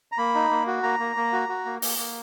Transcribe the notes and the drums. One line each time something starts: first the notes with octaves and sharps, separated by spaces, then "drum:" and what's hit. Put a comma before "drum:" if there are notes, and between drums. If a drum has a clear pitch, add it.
A#5
A#3 B5
D#4
A#3
F#4
A#3 A#5
A#3
A#3
F#4
F#4
A#3
A#3, drum: open hi-hat
A#3